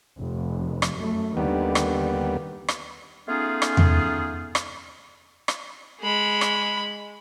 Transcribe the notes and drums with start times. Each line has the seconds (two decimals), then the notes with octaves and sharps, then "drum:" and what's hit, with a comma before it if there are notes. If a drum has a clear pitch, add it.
0.19 F1
0.82 drum: rim click
0.98 F#2 A3
1.37 D#2 D3 D#3 G3 B3
1.75 drum: rim click
2.68 drum: rim click
3.28 A3 B3 C#4 D#4 F4 G#4
3.62 drum: rim click
3.77 drum: tom E2
4.55 drum: rim click
5.48 drum: rim click
6.01 G#3 B5
6.41 drum: rim click